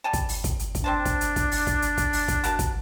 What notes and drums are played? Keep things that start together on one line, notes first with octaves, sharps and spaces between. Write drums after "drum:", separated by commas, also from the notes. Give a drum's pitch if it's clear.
G3 G#5 A5
drum: kick, hi-hat
drum: open hi-hat
drum: kick, hi-hat
drum: hi-hat
drum: kick, hi-hat
C4 D4 C5 A5
drum: kick, hi-hat
drum: hi-hat
drum: kick, hi-hat
drum: open hi-hat
drum: kick, hi-hat
drum: hi-hat
drum: kick, hi-hat
drum: open hi-hat
drum: kick, hi-hat
F#4 A#4 A5, drum: hi-hat
drum: kick, hi-hat